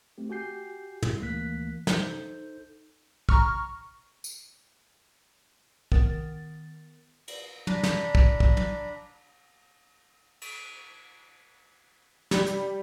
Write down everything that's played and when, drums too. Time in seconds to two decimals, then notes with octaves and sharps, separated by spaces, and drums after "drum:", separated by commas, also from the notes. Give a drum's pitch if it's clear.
0.18 A3 C4 G4
0.30 F#4 G4 G#5 G6 C7
1.02 drum: tom
1.21 D2 E3 A3 A#3 F#6 B6
1.87 D#4 A4 C5 G6, drum: snare
3.29 A#5 C#6 F6, drum: kick
4.24 drum: tambourine
5.92 D#3 B3 A#4 A6, drum: kick
7.28 drum: cymbal
7.67 D4 A#5 B5, drum: tom
7.83 drum: snare
8.15 drum: kick
8.40 drum: kick
8.57 drum: tom
10.41 drum: cymbal
12.31 G3, drum: snare
12.46 drum: hi-hat